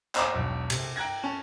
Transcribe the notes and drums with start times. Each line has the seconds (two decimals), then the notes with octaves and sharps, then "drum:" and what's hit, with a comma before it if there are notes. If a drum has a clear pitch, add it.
0.15 C5 A#5 C6 D6 D#6, drum: clap
0.34 E1 B1
0.70 C3, drum: cymbal
0.96 G5 A#5 F#6 G#6 A#6
1.23 C#4 A5